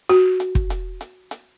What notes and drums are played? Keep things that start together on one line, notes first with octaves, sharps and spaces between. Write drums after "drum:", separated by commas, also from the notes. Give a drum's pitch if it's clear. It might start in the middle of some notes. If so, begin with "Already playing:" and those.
F#4, drum: hi-hat
drum: hi-hat
drum: kick
drum: hi-hat
drum: hi-hat
drum: hi-hat